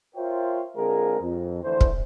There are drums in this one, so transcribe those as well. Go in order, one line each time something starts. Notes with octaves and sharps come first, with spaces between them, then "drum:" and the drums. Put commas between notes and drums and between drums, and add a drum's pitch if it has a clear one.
F4 A#4 C5 C#5 E5 G5
D3 G#3 C4 F4 G#4 A#4
F2
D3 E3 A3 C5
drum: kick